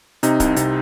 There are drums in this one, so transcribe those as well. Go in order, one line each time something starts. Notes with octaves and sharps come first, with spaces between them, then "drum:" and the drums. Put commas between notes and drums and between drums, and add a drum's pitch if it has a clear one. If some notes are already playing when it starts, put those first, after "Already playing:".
C3 D#4, drum: hi-hat
C2, drum: kick, hi-hat
C3, drum: hi-hat